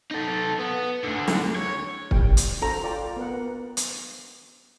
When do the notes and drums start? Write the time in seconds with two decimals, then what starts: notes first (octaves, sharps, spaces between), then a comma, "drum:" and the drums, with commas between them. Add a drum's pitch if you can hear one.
0.11 D#4 A4
0.59 B3
1.05 D2 D3
1.28 drum: snare
1.56 C#5
2.11 G3 G5, drum: kick
2.37 drum: hi-hat
2.62 D4 F#4 A4 C5 A#5
2.83 F4 D5 G5
3.17 B3 A#4 F#5
3.77 drum: hi-hat